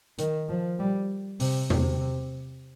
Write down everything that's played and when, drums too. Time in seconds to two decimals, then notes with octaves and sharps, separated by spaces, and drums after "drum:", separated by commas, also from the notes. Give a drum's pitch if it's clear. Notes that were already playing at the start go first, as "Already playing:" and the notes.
0.19 D#3, drum: hi-hat
0.49 F3
0.80 G3
1.40 C3, drum: open hi-hat
1.70 C3, drum: tom E2